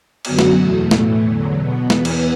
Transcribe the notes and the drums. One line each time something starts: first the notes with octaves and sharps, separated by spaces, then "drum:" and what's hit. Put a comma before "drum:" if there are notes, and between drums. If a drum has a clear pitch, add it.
F#2 D3 F#3 B3 F#4, drum: cymbal
drum: snare
E2 B2 A3
A2 E3 A3, drum: snare
E2 D3 F#3
B2 B3
E2 E3 B3 B4, drum: snare
drum: cymbal